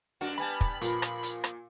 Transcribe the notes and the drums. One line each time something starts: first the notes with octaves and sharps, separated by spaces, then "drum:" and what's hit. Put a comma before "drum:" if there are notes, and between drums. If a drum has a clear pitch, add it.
F#2 D4 F#4 A#4 F#5
G3 B3 B4 G#5 A5 B5
drum: kick
A#2 F3 A#4, drum: hi-hat
drum: rim click
drum: hi-hat
drum: rim click